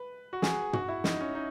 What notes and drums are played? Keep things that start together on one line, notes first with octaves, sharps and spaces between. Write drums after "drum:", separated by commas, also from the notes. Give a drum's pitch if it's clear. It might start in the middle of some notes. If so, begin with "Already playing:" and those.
Already playing: B4
F#4
G#4, drum: snare
F#4, drum: tom
E4
D#4, drum: snare
C#4
D#4